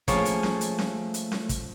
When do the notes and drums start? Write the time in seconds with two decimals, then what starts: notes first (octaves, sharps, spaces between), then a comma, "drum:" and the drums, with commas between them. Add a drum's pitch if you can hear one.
0.08 F3 A3 A#3 C#4 G#4 C#5, drum: kick, hi-hat
0.25 drum: hi-hat
0.43 drum: snare C#4
0.61 drum: hi-hat
0.79 drum: snare C#4
1.14 drum: hi-hat
1.32 drum: snare C#4
1.49 drum: kick, hi-hat